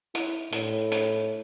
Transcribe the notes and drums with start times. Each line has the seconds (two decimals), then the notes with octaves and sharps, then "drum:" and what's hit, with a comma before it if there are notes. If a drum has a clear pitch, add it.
0.15 E4, drum: hi-hat
0.52 A2, drum: hi-hat
0.91 drum: hi-hat